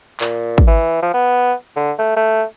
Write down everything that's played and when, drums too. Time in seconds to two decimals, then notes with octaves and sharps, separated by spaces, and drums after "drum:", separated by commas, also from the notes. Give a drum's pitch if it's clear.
0.21 A#2, drum: clap
0.58 drum: kick
0.67 E3
1.02 F3
1.14 B3
1.76 D3
1.99 A3
2.16 A3